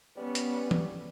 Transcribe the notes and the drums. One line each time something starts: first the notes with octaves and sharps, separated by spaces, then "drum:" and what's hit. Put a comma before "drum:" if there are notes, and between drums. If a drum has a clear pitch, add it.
G3 B3 C#4 B4
drum: hi-hat
drum: tom E3